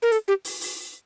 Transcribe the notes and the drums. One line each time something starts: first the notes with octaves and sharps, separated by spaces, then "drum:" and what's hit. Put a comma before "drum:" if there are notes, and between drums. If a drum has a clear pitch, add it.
A#4
A4, drum: hi-hat
G4
drum: open hi-hat
drum: open hi-hat